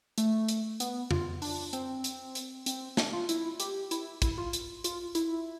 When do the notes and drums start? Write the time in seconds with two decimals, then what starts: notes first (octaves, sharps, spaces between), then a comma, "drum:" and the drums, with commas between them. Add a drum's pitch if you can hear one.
0.18 A3, drum: hi-hat
0.48 drum: hi-hat
0.80 B3, drum: hi-hat
1.11 F4, drum: tom F2
1.42 D4, drum: open hi-hat
1.73 C4, drum: hi-hat
2.04 drum: hi-hat
2.35 drum: hi-hat
2.66 C4, drum: hi-hat
2.97 D4, drum: snare
3.13 F4
3.29 E4, drum: hi-hat
3.60 G4, drum: hi-hat
3.91 E4, drum: hi-hat
4.22 E4, drum: kick, hi-hat
4.38 F4
4.53 drum: hi-hat
4.84 F4, drum: hi-hat
5.15 E4, drum: hi-hat